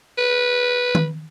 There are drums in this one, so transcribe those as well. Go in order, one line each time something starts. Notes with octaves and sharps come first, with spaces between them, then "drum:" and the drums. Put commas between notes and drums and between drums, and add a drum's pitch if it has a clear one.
B4
drum: tom D#3